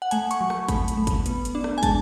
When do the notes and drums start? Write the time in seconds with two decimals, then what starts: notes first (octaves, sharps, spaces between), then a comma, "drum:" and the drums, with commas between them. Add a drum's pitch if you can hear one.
0.02 F#5
0.11 A3 G#5, drum: hi-hat
0.31 C#6, drum: hi-hat
0.41 F#3
0.50 C#6, drum: rim click
0.68 A3 B5, drum: kick, hi-hat
0.88 drum: hi-hat
0.97 A3
1.07 drum: kick, hi-hat
1.26 B3, drum: hi-hat
1.45 drum: hi-hat
1.55 D4
1.64 drum: rim click
1.78 G#5
1.83 G#3 A5, drum: kick, hi-hat